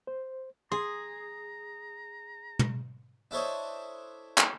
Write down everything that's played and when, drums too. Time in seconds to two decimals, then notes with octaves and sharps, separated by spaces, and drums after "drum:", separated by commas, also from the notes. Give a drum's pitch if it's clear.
0.07 C5
0.72 G#4 A#5 C6
2.59 drum: tom
3.31 D4 E4 A4 C5 C#5 D#5
4.38 drum: clap